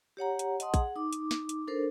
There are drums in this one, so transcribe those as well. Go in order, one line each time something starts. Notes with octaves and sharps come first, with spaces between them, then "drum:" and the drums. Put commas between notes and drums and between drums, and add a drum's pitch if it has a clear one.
G4 C#5 F#5 A#5
drum: hi-hat
D#5 F#5 A5 C6 D#6, drum: hi-hat
G#4 F#5, drum: kick A#1, hi-hat
D#4 D6
drum: hi-hat
drum: snare
drum: hi-hat
D4 A4 A#4 C5